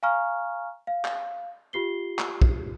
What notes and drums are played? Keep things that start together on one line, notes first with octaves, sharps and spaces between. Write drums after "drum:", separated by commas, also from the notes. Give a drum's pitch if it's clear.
F5 G#5 A#5 C#6 F6
F5
drum: clap
F4 G4 C7 G7
drum: clap
drum: kick